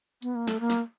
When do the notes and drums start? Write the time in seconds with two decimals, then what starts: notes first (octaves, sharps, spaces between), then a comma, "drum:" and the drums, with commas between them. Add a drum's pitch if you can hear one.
0.22 B3, drum: hi-hat
0.35 A#3
0.47 A3, drum: snare
0.60 A#3
0.70 drum: snare